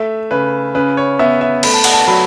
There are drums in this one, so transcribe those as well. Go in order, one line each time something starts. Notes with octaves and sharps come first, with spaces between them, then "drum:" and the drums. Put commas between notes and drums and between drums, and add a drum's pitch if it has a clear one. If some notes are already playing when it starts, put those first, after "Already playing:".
Already playing: A3 E5
C#3 B4
C#3 B4
C#5
B3 E5
E5
A3 B5, drum: cymbal
A5
F#5, drum: cymbal
A5
F#3 B5